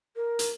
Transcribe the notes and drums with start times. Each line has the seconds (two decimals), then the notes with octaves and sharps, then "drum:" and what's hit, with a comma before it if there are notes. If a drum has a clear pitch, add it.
0.16 A#4
0.39 drum: hi-hat